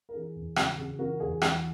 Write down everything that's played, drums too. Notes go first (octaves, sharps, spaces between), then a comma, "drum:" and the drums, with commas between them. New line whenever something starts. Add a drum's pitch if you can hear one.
A#4
E3 G#4
E2
C#3 F#4, drum: rim click
C#3 G#4
E3 F#4 A#4
E2 G#4
E3 F#4, drum: rim click